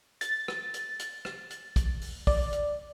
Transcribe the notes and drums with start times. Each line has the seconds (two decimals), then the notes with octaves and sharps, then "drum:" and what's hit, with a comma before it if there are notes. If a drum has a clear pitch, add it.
0.21 A6, drum: hi-hat
0.48 drum: rim click
0.74 drum: hi-hat
0.99 drum: hi-hat
1.25 drum: rim click
1.51 drum: hi-hat
1.76 drum: kick, hi-hat
2.02 drum: open hi-hat
2.27 D5, drum: kick, open hi-hat
2.53 drum: hi-hat